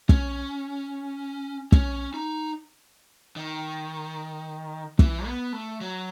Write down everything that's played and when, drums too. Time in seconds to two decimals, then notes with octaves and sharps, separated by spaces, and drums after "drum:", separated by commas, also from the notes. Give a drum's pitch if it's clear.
0.09 C#4, drum: kick
1.72 C#4, drum: kick
2.14 D#4
3.36 D#3
4.99 E3, drum: kick
5.26 B3
5.53 A3
5.81 F#3